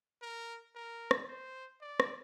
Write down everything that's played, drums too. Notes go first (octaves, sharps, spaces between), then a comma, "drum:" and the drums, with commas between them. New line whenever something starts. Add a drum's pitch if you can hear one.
A#4
A#4
drum: rim click
C5
D5
drum: rim click